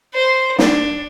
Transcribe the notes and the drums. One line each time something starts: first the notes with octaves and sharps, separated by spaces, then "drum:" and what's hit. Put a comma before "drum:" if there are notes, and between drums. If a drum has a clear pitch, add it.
C5
D4, drum: snare